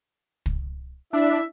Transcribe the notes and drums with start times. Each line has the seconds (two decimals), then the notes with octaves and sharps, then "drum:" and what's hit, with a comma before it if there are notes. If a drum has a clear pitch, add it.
0.46 drum: kick
1.13 D4 E4 E5